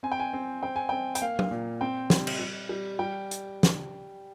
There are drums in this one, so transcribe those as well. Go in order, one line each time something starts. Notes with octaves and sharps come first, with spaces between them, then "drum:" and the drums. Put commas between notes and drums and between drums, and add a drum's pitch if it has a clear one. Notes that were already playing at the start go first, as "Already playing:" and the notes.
C4 G#5
G5
G#5
C4
C4 G5
G#5
C4 G5
G5, drum: hi-hat
A#3 F5
drum: tom F#3
A#2
C4 G5
G3, drum: snare
drum: cymbal
G3
G3
G3 G5
drum: hi-hat
drum: snare